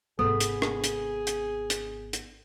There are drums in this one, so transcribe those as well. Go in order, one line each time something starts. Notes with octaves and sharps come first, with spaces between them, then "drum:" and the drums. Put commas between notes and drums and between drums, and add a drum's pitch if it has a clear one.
G#1 C3 B3 G#4 A4
drum: hi-hat
drum: rim click
drum: hi-hat
drum: hi-hat
drum: hi-hat
drum: hi-hat